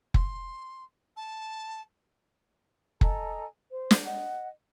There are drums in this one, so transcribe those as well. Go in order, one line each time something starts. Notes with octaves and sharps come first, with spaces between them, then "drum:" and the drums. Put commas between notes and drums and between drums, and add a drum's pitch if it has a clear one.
C6, drum: kick
A5
A4 D#5 G#5 A#5, drum: kick
C5
drum: snare
D#5 F#5